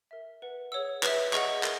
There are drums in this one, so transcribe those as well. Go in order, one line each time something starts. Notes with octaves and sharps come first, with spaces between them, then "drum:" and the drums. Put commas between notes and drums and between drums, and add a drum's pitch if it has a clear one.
A#4 E5
B4 F#5
G#4 C#5 F#5 E6
B4 E5, drum: clap
G#4 D#5 F#5 C#6, drum: clap
A#4, drum: clap